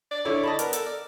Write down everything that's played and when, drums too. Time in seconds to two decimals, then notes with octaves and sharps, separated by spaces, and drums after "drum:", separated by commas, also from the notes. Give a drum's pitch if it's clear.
0.11 D5
0.25 D3 E4 C#5
0.43 D#5 A5 B5
0.59 B3 A#4, drum: hi-hat
0.73 A4, drum: hi-hat
0.86 D5